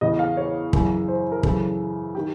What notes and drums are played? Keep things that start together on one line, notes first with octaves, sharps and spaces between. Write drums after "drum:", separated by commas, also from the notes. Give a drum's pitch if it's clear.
E2 C#3 E3 D#5
F5
C#5
F#2 C#3 E3, drum: kick
C5
A#4
F#2 C#3 E3 A4, drum: kick
D#3 G4